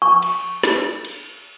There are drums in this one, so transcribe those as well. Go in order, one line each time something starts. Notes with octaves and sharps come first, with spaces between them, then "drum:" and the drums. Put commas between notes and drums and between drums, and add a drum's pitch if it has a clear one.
C#6
drum: cymbal
drum: snare
drum: cymbal